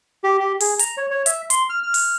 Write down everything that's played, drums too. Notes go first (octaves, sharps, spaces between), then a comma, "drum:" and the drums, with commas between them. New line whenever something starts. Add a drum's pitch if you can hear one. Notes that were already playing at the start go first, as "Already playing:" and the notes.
G4
G4
G#4, drum: open hi-hat
A#5, drum: hi-hat
C#5
C#5
E5, drum: hi-hat
C6, drum: hi-hat
F6
F6
drum: open hi-hat